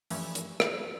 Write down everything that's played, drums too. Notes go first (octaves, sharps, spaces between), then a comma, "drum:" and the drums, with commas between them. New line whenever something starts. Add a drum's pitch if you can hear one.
G2 E3 F3 A3 C#4, drum: open hi-hat
drum: hi-hat
drum: rim click